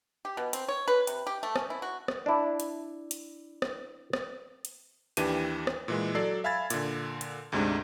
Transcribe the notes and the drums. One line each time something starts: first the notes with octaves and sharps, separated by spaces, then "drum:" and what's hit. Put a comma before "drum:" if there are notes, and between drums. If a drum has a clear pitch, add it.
G4
B2
C4, drum: hi-hat
C#5
B4
C3, drum: hi-hat
G4
A3
C#4, drum: rim click
E4
F#4
drum: rim click
D4 E4
drum: hi-hat
drum: hi-hat
drum: rim click
drum: rim click
drum: hi-hat
D#2 E3 D4 G4 D#7, drum: hi-hat
drum: rim click
A#2 E3 G#3
F#3 A4 D5 C7
E5 F5 G#5 B5 G#6 A6
A#2 D3, drum: hi-hat
drum: hi-hat
D2 G#2 C3 G#3 A3 D4